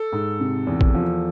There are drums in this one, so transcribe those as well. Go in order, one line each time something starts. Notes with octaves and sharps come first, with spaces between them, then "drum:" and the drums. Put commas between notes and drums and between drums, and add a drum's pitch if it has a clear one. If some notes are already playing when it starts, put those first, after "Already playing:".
Already playing: A4
G#2
C3
E2
drum: kick A1
F3